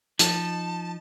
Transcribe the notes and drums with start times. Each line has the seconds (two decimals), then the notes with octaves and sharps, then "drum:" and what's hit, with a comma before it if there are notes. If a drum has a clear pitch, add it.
0.19 F3 D#4 A5, drum: hi-hat